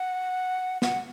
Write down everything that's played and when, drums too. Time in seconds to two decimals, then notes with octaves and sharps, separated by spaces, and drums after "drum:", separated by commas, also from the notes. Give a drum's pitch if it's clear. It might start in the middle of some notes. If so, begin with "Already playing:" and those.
Already playing: F#5
0.82 F#5, drum: snare